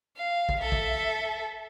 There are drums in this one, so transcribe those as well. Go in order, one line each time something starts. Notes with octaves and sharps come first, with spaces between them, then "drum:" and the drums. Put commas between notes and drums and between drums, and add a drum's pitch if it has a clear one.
F5
drum: kick
A4 E5
drum: kick